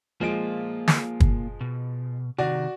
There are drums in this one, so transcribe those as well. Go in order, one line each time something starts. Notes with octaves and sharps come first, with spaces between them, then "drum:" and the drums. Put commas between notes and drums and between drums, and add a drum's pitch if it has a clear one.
F3 G#3 A#3 F4 D7
drum: snare
drum: kick
B2
C3 D#3 F#4 D5